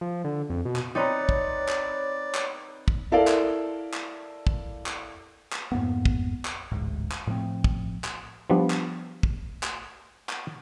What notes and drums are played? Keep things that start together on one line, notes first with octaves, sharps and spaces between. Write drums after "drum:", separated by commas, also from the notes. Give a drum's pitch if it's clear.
F3
D3
F2
B2
drum: clap
C4 D#4 B4 C#5 D5 A#5
drum: kick
drum: clap
drum: clap
drum: kick
E4 A4 A#4 D5 F5
drum: clap
drum: clap
drum: kick
drum: clap
drum: clap
F2 G#2 A#3 B3
drum: kick
drum: clap
D1 A1 D2 G#2
drum: clap
A2 F3 A3 C4
drum: kick
drum: clap
F3 G3 B3 D4
drum: clap
drum: kick
drum: clap
drum: clap